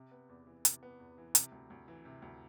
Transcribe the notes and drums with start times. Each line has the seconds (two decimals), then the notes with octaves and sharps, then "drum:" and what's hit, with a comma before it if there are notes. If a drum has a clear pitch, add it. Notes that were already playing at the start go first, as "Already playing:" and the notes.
Already playing: C3
0.11 B3
0.29 E2
0.47 E3
0.65 C3, drum: hi-hat
0.83 B3
1.00 E2
1.18 E3
1.35 C3, drum: hi-hat
1.52 D2
1.70 D2
1.88 E3
2.05 C3
2.22 D2